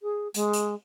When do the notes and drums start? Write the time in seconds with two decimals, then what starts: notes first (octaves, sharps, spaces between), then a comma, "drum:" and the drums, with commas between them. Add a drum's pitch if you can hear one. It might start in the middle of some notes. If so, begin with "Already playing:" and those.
0.03 G#4
0.34 G#3, drum: hi-hat
0.53 drum: hi-hat